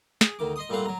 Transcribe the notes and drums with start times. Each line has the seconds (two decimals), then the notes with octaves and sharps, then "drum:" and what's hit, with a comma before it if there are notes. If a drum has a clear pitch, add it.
0.21 G#4, drum: snare
0.39 D2 D#3 D6
0.56 D#5 C6 D#6
0.70 A#2 G3 A3 C4 F5 F#5
0.86 F#3 A#5